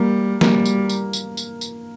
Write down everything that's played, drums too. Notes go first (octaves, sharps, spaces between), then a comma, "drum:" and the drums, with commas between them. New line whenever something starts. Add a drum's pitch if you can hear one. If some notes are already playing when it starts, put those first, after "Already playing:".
Already playing: G3 A#3
G3 A#3, drum: snare
drum: tambourine
drum: tambourine
drum: tambourine
drum: tambourine
drum: tambourine